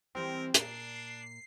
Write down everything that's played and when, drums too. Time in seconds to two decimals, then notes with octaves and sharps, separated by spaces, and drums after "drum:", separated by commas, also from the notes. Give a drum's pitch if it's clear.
0.15 E3 G3 C4 A#4 C5
0.54 A#2 D4 C7, drum: hi-hat